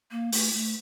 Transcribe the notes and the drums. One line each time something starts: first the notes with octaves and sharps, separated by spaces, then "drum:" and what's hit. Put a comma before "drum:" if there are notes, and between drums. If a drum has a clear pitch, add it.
A#3
A3, drum: open hi-hat
A3